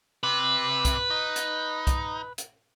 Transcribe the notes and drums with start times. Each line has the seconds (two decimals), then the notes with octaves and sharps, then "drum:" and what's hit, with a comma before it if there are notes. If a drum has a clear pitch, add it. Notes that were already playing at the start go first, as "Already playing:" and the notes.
0.23 C3 B4
0.85 drum: kick C2, hi-hat
1.10 D#4
1.36 drum: hi-hat
1.87 drum: kick C2, hi-hat
2.38 drum: hi-hat